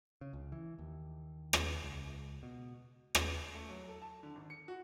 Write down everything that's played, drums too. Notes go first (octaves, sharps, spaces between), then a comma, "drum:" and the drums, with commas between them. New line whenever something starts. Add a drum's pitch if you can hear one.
C#3
C#2
E3
D#2
drum: rim click
C#2
B2
drum: rim click
A3
F#3
A4
A5
D3
G#1
C#7
F#4